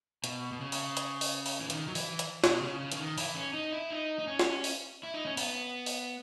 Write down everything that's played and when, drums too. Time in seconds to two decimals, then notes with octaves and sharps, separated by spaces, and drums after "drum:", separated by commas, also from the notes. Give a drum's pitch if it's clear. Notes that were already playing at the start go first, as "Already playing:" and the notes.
0.24 B2, drum: hi-hat
0.52 B2
0.61 C#3
0.72 drum: open hi-hat
0.97 drum: hi-hat
1.21 drum: open hi-hat
1.46 drum: open hi-hat
1.59 E3
1.70 D#3, drum: hi-hat
1.88 F#3
1.95 E3, drum: open hi-hat
2.19 drum: hi-hat
2.44 B2, drum: snare
2.62 C#3
2.80 C#3
2.92 E3, drum: hi-hat
2.99 D#3
3.18 E3, drum: open hi-hat
3.35 C#4
3.53 D#4
3.72 E4
3.90 D#4
4.19 D#4
4.27 C#4
4.39 drum: snare
4.64 drum: open hi-hat
5.03 E4
5.14 D#4
5.26 C#4
5.37 B3, drum: open hi-hat
5.86 drum: open hi-hat